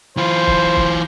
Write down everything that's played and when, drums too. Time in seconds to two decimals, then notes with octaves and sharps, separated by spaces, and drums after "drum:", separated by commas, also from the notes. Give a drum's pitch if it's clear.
0.17 E3 F4 C5
0.47 drum: kick
0.76 drum: kick